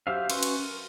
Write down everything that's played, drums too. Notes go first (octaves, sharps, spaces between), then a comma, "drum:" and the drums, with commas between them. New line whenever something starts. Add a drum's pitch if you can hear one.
F#3 G4 C5 E5 F5
C#4 F#4 B4 C6 C#6, drum: cymbal
drum: cymbal
A#4